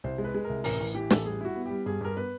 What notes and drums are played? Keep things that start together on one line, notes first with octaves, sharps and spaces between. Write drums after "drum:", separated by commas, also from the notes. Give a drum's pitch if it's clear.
C2 C5
G#3
B4
G#3
C2 A#4
A1 A#4, drum: open hi-hat
A1
E3 G4
A1 A4, drum: snare
G3 G#4
E4 F#4
B3
G3 G4
G2 G#4
G2 A#4
B3 B4